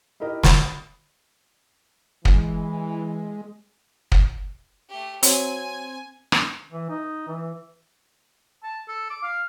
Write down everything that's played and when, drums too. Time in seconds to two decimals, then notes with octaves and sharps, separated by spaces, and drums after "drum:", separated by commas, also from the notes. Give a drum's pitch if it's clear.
0.20 D#4 E4 G4 A#4 D#5
0.43 B5 D#6, drum: snare
2.25 E3 G#3, drum: kick
4.12 drum: kick
4.89 A3 G4
5.23 F#3 C4 G#5, drum: hi-hat
6.32 drum: rim click
6.72 E3
6.90 D#4
7.28 E3
8.63 A5
8.88 A4
9.10 D6
9.23 F5